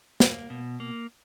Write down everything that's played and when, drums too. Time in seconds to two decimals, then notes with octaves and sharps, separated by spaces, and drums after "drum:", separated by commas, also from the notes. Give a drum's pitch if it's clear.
0.20 A#3, drum: snare
0.50 B2
0.80 A#3